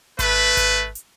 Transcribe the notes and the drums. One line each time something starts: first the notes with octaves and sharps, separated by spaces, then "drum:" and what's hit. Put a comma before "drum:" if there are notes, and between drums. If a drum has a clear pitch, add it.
A3 B4, drum: kick G#1, hi-hat
drum: kick G#1, hi-hat
drum: hi-hat